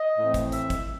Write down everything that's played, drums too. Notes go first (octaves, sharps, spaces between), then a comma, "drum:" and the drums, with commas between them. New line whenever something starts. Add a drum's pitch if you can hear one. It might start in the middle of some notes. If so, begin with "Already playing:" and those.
Already playing: D#5
A2 E3 A3 C4
drum: kick, hi-hat
E5, drum: hi-hat
drum: kick, hi-hat